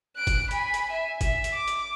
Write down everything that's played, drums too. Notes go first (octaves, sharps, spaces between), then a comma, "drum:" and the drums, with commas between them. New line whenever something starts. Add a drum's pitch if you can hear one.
F#6 D7
drum: kick G1, hi-hat
G#5 B5, drum: hi-hat
drum: hi-hat
E5 G#5
E5, drum: kick G1, hi-hat
drum: hi-hat
D6
drum: hi-hat